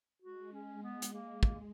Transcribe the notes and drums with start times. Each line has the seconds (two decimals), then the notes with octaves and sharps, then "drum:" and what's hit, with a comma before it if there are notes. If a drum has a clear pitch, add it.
0.22 G#3 F#4
0.53 C#4
0.83 B3
1.02 drum: hi-hat
1.13 A#3
1.43 A#3, drum: kick